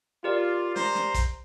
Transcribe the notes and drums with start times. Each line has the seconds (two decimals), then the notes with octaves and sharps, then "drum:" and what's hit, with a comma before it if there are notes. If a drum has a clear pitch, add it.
0.24 F4 G4 A#4 D5
0.76 C5 A#5 C6, drum: snare
0.95 drum: snare
1.14 drum: kick, hi-hat